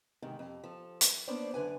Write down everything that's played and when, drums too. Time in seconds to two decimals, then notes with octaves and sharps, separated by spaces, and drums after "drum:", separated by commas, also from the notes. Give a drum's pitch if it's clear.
0.22 G#2 C3 D#3
0.39 F2
0.64 F3 A4
1.01 drum: hi-hat
1.28 A#3 B3 C#4 D4 C5 D5
1.54 F#2 D3 B4 G#5